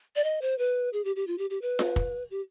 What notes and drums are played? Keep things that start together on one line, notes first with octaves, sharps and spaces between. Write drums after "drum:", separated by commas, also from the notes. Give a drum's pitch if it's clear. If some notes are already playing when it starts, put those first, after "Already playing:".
D5
D#5
C5
B4
G#4
G4
G4
F4
G4
G4
B4
drum: snare F4
drum: kick
G4